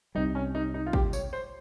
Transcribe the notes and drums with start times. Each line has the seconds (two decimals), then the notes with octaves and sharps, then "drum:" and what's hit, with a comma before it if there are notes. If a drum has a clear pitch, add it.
0.15 C2 C3 G3 D#4
0.35 C#4
0.55 D#4
0.74 D#4
0.86 F4
0.93 G4, drum: kick
1.13 C#5, drum: tambourine
1.33 C5